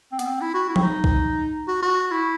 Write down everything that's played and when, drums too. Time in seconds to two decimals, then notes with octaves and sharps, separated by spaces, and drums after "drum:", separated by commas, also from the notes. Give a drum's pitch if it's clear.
0.12 C4
0.19 B3, drum: hi-hat
0.26 C4
0.41 E4
0.54 F#4
0.69 E4
0.76 C4, drum: tom F3
0.83 D#4
1.04 drum: kick B1
1.68 F#4
1.82 F#4
2.11 E4